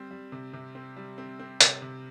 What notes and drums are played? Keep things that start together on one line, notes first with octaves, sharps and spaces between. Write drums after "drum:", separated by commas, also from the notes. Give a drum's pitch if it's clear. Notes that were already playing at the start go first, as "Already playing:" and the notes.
Already playing: G3 C4
G3
C3
C3
C4
G3
C4
C4
C3, drum: hi-hat
C3